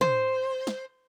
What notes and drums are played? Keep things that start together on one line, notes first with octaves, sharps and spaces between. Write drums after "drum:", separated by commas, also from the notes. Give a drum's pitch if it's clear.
C5, drum: tom
drum: snare